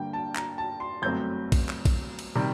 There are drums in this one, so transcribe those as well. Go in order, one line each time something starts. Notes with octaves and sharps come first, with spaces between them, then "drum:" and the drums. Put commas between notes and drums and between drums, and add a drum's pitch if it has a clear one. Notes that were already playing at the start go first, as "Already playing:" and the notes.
Already playing: G2 D3 G3 A#3 G5
A5
A#5, drum: clap
A5
C6
G1 F#2 F#3 A3 C4 G6
drum: kick A#1, cymbal
drum: clap
drum: kick A#1, cymbal
drum: cymbal
C3 D#3 G3